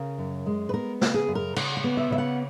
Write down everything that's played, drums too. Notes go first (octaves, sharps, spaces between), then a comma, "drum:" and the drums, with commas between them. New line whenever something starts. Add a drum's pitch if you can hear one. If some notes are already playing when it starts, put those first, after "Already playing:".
Already playing: C#3 A#4
F#2
G#3
B4
B3 A#4
C#3, drum: snare
G#4
F#2
A#4
C#3 F#5, drum: cymbal
F#5
B3
E5
C#3 E5
F#5